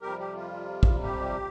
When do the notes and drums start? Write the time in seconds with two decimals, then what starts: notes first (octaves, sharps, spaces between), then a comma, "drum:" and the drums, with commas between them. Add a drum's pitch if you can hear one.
0.01 F2 C3 G3 G4 A#4
0.19 G4
0.35 F4
0.83 drum: kick
1.03 G4